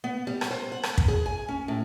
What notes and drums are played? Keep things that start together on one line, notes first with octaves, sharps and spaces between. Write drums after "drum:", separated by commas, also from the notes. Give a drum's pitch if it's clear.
B3
G3
drum: rim click
C5
F#5
drum: rim click
drum: kick
G#4
G#5
C#4
A2